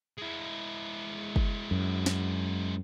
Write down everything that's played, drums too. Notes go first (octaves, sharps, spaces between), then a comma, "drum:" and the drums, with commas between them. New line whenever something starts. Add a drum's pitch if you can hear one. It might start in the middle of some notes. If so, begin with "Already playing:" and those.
G#3 E4
drum: kick
F#2
drum: snare